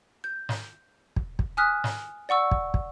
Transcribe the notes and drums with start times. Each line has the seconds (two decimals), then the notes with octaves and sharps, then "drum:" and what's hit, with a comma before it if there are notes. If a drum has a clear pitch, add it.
0.24 G6
0.49 drum: snare
1.16 drum: kick
1.39 drum: kick
1.57 G#5 D#6 F6 F#6 B6
1.84 drum: snare
2.29 D5 F#5 C#6 E6
2.51 drum: kick
2.74 drum: kick